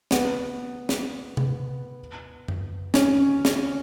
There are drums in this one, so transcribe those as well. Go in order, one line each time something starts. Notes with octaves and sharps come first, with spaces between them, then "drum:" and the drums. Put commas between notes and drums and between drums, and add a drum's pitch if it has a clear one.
B3, drum: snare
drum: snare
drum: tom C3
drum: tom F#2
C#4, drum: snare
drum: snare